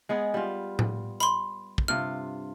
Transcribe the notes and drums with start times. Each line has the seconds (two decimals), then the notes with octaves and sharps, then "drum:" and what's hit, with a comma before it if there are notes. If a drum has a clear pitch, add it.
0.09 G#3 B3 G#4
0.34 G3 F4
0.79 drum: tom A2
1.20 B5 C6, drum: hi-hat
1.78 drum: kick
1.88 G2 C3 F4 F6